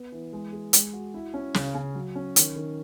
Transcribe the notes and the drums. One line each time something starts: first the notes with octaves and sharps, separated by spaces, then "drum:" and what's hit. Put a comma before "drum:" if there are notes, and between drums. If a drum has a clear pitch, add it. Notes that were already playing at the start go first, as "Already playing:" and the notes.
Already playing: B3
E3
G#3
G#4
G#3, drum: hi-hat
F#4
E4
C#4
C#3, drum: snare
C#3
F#3
C#4
D#3, drum: hi-hat
D#3